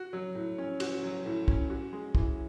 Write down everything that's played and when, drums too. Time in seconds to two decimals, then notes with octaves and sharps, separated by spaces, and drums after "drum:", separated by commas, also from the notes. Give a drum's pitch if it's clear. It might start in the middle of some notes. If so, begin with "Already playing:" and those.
Already playing: F#4
0.13 F#3
0.35 A2
0.58 C#4
0.80 F#4, drum: cymbal
1.03 F#3
1.26 A2
1.48 C#4, drum: kick
1.70 F#4
1.93 G#3
2.15 E3, drum: kick